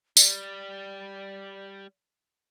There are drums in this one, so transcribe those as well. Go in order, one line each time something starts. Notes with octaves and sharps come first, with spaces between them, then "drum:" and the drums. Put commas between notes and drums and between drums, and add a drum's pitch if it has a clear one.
G3 D5, drum: tambourine